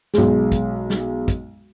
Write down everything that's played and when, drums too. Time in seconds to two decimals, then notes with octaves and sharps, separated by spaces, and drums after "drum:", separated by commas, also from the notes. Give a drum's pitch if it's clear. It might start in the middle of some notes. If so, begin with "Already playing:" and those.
0.14 B1 G#3, drum: snare
0.52 drum: kick, hi-hat
0.90 drum: snare
1.28 drum: kick, hi-hat